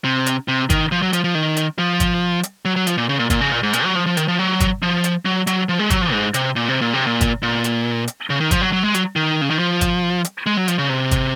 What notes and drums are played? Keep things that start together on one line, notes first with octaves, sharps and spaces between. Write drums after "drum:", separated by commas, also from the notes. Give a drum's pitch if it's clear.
C3
drum: hi-hat
C3
D#3, drum: kick, hi-hat
F3
F#3
F3, drum: hi-hat
F3
D#3
drum: hi-hat
F3
drum: kick, hi-hat
drum: hi-hat
F#3
F#3
F3, drum: hi-hat
A#2
C#3
A#2
A#2, drum: kick, hi-hat
C#3
A#2
G#2
A#2, drum: hi-hat
F#3
F3
F3
D#3, drum: hi-hat
F3
F#3
drum: kick, hi-hat
F3
drum: hi-hat
F#3
F#3, drum: hi-hat
F3
G#3
F#3, drum: kick, hi-hat
F3
G#2
C3, drum: hi-hat
A#2
C3
A#2
C3
A#2
drum: kick, hi-hat
A#2
drum: hi-hat
drum: hi-hat
C#3
D#3
F3, drum: kick, hi-hat
F#3
F#3
G#3
F#3, drum: hi-hat
D#3
C#3
D#3
F3
drum: kick, hi-hat
drum: hi-hat
G#3
F#3
F3, drum: hi-hat
C#3
C3
drum: kick, hi-hat